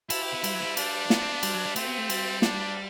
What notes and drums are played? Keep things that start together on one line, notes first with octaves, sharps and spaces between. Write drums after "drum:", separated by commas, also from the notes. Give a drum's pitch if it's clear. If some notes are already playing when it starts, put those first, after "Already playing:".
E4 A4, drum: cymbal
G4
B3
G3, drum: cymbal
F#3
A3
G3
D4, drum: cymbal
B3, drum: snare
C4
B3
G3, drum: cymbal
F#3
G3
A3 C4, drum: cymbal
B3
A3
G3, drum: cymbal
D4, drum: snare